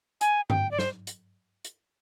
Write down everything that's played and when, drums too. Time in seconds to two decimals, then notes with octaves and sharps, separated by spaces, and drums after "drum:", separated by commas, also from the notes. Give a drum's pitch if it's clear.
0.21 G#5, drum: hi-hat
0.50 G5, drum: tom G2
0.71 D5
0.79 C5, drum: snare
1.07 drum: hi-hat
1.65 drum: hi-hat